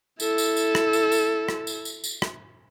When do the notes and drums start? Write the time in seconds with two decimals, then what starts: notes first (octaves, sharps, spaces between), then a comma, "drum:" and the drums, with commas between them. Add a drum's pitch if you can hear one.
0.20 E4 A4, drum: tambourine
0.38 drum: tambourine
0.57 drum: tambourine
0.75 drum: rim click
0.93 drum: tambourine
1.12 drum: tambourine
1.49 drum: rim click
1.67 drum: tambourine
1.85 drum: tambourine
2.04 drum: tambourine
2.22 drum: rim click